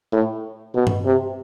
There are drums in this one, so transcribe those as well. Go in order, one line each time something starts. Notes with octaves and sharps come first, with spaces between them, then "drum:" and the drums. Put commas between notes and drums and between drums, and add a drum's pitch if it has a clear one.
A2
B2
drum: tom G2
C3